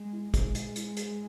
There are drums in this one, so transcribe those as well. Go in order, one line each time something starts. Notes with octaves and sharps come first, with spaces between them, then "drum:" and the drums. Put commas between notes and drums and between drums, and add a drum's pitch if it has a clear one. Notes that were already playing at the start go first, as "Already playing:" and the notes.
Already playing: G#3
E4
G#3 G#4, drum: kick, hi-hat
G#4, drum: hi-hat
E4, drum: hi-hat
G#4, drum: hi-hat